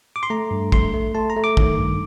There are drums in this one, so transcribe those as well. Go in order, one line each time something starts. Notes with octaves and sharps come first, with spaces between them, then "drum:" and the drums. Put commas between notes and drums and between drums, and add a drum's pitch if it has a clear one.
D6
C6
A3 A#5
G2
A3 C6, drum: kick
A3
A3 A5
A#5
A3
D6
D#3, drum: kick
G2